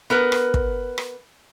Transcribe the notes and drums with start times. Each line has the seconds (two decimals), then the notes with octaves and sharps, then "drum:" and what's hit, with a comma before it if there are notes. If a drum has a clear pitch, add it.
0.10 B3 A#4 B4
0.32 drum: rim click
0.54 drum: kick
0.98 drum: rim click